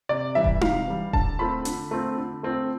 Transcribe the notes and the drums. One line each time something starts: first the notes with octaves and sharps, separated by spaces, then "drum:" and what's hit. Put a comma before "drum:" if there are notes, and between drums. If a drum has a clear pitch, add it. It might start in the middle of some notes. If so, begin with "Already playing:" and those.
C3 D5
E3 G3 E5
drum: kick D#1
C3 F5, drum: tom D#4
E3 G3
D3 A5, drum: kick D#1
A3 C4 F4 B5
D3, drum: hi-hat
A3 C4 F4
D3
A3 C4 F4